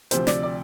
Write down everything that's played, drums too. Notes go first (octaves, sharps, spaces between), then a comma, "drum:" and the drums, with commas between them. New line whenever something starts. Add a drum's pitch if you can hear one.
D2 C3 F3 C5, drum: hi-hat
D5, drum: snare
D5